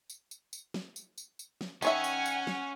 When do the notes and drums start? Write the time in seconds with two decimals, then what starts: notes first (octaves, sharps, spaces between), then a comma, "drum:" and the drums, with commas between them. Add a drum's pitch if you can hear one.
0.10 drum: tambourine
0.31 drum: tambourine
0.53 drum: tambourine
0.74 drum: snare
0.96 drum: tambourine
1.18 drum: tambourine
1.39 drum: tambourine
1.61 drum: snare
1.82 D#3 C#4 C#5 E5 F#5 G#5, drum: tambourine
2.04 drum: tambourine
2.26 drum: tambourine
2.47 drum: snare